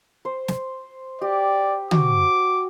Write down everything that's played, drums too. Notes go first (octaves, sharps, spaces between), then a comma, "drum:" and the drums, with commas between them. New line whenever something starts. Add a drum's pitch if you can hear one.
C5
drum: snare
G4 D5
F#4 D6, drum: tom